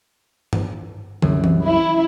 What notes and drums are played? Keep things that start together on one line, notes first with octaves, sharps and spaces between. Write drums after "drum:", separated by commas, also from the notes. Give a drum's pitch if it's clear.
drum: tom
C2 F#2, drum: tom
drum: tom E3
E4